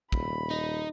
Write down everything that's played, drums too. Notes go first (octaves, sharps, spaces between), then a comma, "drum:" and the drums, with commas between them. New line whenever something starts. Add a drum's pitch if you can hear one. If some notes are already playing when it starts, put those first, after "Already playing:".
D#1 B5, drum: kick
D#4